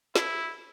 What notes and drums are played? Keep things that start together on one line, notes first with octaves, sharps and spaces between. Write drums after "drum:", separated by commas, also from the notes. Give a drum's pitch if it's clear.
E4, drum: snare